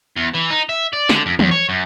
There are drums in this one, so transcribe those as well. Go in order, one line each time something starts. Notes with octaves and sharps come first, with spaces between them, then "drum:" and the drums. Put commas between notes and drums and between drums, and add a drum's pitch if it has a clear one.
E2
E3
D#4
E5
D5
D3, drum: snare
F2
E2, drum: tom
C#5
F#2